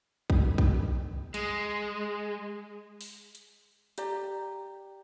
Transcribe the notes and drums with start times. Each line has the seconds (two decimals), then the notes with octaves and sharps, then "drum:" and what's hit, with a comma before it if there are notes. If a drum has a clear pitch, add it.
0.30 drum: kick A#1
0.58 drum: kick A#1
1.34 G#3, drum: hi-hat
3.01 drum: open hi-hat
3.35 drum: hi-hat
3.98 G4 D5 A#5, drum: hi-hat